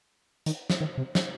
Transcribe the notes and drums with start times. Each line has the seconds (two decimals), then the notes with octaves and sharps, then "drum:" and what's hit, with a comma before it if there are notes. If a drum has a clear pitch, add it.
0.46 D#3, drum: hi-hat
0.70 drum: snare
0.80 D#3
0.97 C3
1.15 drum: snare